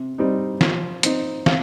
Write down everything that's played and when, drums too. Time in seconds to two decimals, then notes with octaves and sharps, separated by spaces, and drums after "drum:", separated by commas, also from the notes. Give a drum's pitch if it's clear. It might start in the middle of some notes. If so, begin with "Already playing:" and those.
Already playing: C3
0.18 G3 C4 D#4
0.61 F3, drum: snare
1.03 C4 D#4, drum: hi-hat
1.46 C3 F5, drum: snare